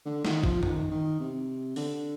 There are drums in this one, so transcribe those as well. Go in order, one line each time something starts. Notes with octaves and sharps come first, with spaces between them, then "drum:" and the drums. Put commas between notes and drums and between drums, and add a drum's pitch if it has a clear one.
D3
D#3, drum: snare
F3, drum: kick
D#3, drum: tom F#2
D#3
C3
D3, drum: open hi-hat